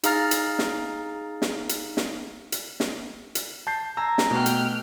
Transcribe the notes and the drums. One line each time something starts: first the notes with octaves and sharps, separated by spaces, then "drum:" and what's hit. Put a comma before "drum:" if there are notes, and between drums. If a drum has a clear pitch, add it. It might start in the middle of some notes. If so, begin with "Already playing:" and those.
D#4 G#4 F5 A#5 F6 A6, drum: hi-hat
drum: hi-hat
drum: snare
drum: snare
drum: hi-hat
drum: snare
drum: hi-hat
drum: snare
drum: hi-hat
A5 G6 C7
G#5 A#5 E6
drum: snare
B2 A3 G5 F6 F#6
drum: hi-hat